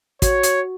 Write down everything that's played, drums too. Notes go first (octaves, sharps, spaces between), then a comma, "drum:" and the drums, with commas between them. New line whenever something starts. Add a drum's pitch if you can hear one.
F#4 C#5, drum: kick, hi-hat
drum: hi-hat